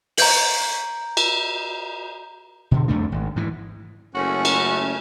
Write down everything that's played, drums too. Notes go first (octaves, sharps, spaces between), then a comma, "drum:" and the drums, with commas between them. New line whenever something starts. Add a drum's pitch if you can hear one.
A#5 G6 F#7, drum: open hi-hat
drum: cymbal
B2 D3
C2 F2 A3 D4
G#1
G#2 E3
F#1 A3 C#4 F#4
drum: cymbal